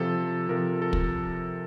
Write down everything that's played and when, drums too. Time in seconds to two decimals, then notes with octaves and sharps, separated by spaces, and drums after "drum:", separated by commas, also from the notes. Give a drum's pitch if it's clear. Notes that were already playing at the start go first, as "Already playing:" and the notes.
Already playing: C3 F3 A4
0.49 C3 F3 A#4
0.82 A4
0.93 drum: kick